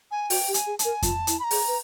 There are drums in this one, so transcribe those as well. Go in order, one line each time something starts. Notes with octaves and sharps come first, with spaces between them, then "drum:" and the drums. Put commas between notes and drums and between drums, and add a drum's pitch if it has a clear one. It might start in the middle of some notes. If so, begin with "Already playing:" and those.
G#5
F#4 G5, drum: open hi-hat
G4
G#5, drum: hi-hat
G#4
A5, drum: hi-hat
A#4 G#5
F4 A5, drum: kick F2, hi-hat
E4, drum: hi-hat
B5
A#5
G#4, drum: open hi-hat
B4